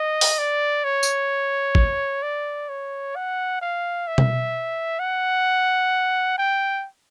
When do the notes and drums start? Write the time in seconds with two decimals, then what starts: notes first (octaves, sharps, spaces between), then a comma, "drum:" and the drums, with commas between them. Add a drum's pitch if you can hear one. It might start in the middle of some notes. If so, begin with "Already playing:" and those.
Already playing: D#5
0.21 drum: open hi-hat
0.38 D5
0.84 C#5
1.03 drum: tambourine
1.75 drum: kick
2.23 D5
2.69 C#5
3.16 F#5
3.61 F5
4.07 E5
4.18 drum: tom B2
4.99 F#5
6.38 G5